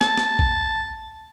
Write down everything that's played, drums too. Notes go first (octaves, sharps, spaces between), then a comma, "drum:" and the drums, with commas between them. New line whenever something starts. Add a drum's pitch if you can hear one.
A5, drum: snare
drum: snare
drum: kick A#1